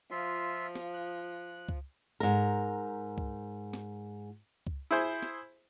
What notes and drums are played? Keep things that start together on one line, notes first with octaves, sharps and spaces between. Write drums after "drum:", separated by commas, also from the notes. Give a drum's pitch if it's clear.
F3 F4 E5 C6
drum: snare
F#6
drum: kick C#2
G#2 A#4
drum: kick C#2
drum: snare
drum: kick C#2
E4 G#4 C5
drum: snare